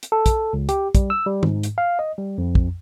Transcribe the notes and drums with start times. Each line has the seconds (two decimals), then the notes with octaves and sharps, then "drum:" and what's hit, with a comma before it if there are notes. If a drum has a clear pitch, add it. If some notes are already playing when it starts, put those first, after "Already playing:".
0.03 drum: hi-hat
0.12 A4
0.26 drum: kick, hi-hat
0.53 C#2
0.69 G4, drum: hi-hat
0.95 G3, drum: kick, hi-hat
1.10 E6
1.26 G3
1.43 G#2, drum: tom
1.63 drum: hi-hat
1.78 F5
1.99 D#5
2.18 G3
2.38 F2
2.55 drum: kick